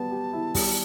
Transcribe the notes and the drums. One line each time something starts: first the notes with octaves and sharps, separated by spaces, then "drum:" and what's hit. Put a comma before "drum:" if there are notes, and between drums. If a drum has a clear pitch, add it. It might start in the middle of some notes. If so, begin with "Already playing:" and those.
Already playing: G3 B3 A5
G4
E4
G3, drum: kick, open hi-hat